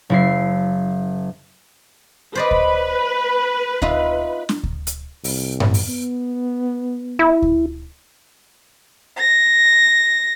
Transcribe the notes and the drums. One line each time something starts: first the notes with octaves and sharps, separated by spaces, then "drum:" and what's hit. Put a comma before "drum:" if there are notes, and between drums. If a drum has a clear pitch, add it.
F#1 E4 C7
B4 C5 D5 D#5
drum: kick D2
D#4 F4 E5, drum: kick D2
drum: snare
drum: kick D2
drum: hi-hat
C2, drum: open hi-hat
drum: tom G2
drum: open hi-hat
B3
E4
drum: kick D2
A#6